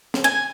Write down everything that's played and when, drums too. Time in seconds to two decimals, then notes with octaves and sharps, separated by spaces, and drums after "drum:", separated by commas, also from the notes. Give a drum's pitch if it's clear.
0.14 drum: snare
0.24 G#5